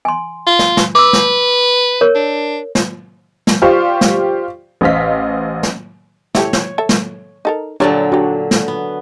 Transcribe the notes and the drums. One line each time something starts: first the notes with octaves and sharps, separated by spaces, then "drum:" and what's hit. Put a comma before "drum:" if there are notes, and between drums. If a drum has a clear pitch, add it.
G#5 C6
F4
drum: snare
drum: snare
B4 D6 E6
drum: snare
A#4 C#5
D4
drum: snare
drum: snare
F4 G4 C5 D5 F5 C#6
drum: snare
A1 C5 D#5 F5 B6
drum: snare
E4 G4 A4 C#5, drum: snare
drum: snare
A4 E5
drum: snare
D#4 A4 A#4
A#2 D3 F#3 G3 D4 C#5
D4 D#4 F#4 G4
drum: snare
B3